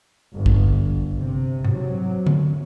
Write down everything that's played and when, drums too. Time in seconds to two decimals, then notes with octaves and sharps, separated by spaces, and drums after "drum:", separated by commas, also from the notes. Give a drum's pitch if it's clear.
0.36 G1
0.46 drum: kick
1.17 C3
1.65 C3 F#3, drum: tom G#2
2.27 drum: tom D3